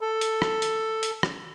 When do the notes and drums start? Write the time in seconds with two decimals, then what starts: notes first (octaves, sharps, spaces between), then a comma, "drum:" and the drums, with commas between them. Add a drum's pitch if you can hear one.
0.01 A4
0.21 drum: hi-hat
0.42 drum: rim click
0.62 drum: hi-hat
1.03 drum: hi-hat
1.23 drum: rim click